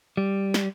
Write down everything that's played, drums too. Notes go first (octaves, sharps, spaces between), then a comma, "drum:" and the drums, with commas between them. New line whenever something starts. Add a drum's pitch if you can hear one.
G3
drum: snare